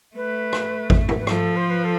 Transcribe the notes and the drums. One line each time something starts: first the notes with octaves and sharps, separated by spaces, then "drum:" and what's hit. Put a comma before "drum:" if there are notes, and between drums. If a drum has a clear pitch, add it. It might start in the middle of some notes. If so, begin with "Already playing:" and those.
A3 B4
drum: rim click
drum: kick G#1
drum: tom G#2
B4
F3 A4, drum: rim click
C5
B4
A4